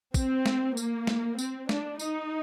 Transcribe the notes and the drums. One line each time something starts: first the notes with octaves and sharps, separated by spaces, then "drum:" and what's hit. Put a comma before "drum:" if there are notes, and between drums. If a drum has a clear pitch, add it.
C4, drum: kick, tambourine
drum: snare
A#3, drum: tambourine
drum: snare
C4, drum: tambourine
D4, drum: snare
D#4, drum: tambourine